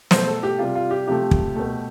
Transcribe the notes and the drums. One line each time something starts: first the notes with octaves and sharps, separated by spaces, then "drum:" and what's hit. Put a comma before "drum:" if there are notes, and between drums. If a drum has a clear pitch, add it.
B2 A3 C5, drum: snare
A4
G4
C3 G3 F4
F4
G4
C3 F3 A3 G4
drum: kick
B2 A3